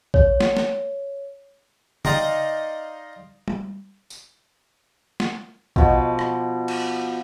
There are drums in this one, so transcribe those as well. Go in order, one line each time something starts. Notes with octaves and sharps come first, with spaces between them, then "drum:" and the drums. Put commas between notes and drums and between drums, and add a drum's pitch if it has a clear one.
C#5, drum: kick A#1
drum: snare
drum: snare
D#4 D5 F5 G5 A#5 C6, drum: tom C#3
drum: tom G3
drum: tambourine
drum: snare
B2 F3, drum: kick A#1
drum: rim click
drum: cymbal